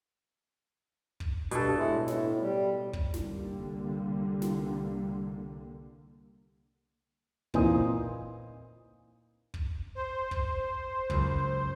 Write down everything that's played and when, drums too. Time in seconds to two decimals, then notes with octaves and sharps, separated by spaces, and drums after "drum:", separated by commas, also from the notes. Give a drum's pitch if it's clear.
1.20 drum: kick
1.51 G2 B2 A4, drum: hi-hat
1.77 A2 G#3 E4
2.08 A2, drum: snare
2.41 G3
2.93 drum: kick
3.14 C2 D3 G3 A#3, drum: snare
4.42 drum: snare
7.54 A#2 E3 D#4 C5 G#5 D#6, drum: kick
9.54 drum: kick
9.95 C5
10.31 drum: kick
11.10 C#2 F#2, drum: kick